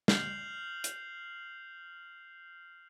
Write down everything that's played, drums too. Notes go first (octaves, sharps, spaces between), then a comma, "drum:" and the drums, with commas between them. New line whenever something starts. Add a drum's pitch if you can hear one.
F6 G6 C7 F7 F#7, drum: snare
drum: hi-hat